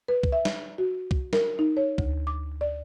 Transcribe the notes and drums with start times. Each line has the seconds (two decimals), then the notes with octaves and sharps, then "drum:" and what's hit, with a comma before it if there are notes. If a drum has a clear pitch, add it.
0.08 B4
0.23 drum: kick C2
0.32 E5
0.45 drum: snare
0.78 F#4
1.11 drum: kick C2
1.33 A#4, drum: snare
1.59 D#4
1.77 C#5
1.98 D2, drum: kick C2
2.27 D6
2.61 D5